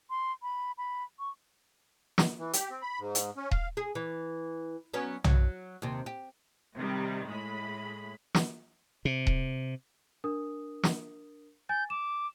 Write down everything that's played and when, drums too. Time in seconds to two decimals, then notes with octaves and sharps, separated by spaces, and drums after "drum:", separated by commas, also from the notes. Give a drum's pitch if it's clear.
0.10 C6
0.42 B5
0.78 B5
1.19 C#6
2.18 drum: snare
2.39 E3
2.53 G4, drum: hi-hat
2.70 C4
2.82 B5
2.99 G#2
3.15 drum: hi-hat
3.36 C#4
3.51 F5, drum: kick D#1
3.77 G#4
3.95 E3
4.94 F#3 B3 C#4
5.24 F#3, drum: tom B1
5.82 D#2 C3
6.06 G4
6.76 C3 D#3 G3
7.27 A2 G#3 B5
8.35 drum: snare
9.05 C3
9.27 drum: kick D#1
10.24 D4 A#4 D#6
10.83 drum: snare
11.69 G#5 G6 A6
11.90 D6 E7